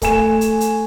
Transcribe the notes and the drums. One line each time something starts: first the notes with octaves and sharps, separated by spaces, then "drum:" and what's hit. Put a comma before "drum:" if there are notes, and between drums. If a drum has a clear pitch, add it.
A3 G#5 E7, drum: kick C#1, hi-hat
drum: hi-hat
drum: hi-hat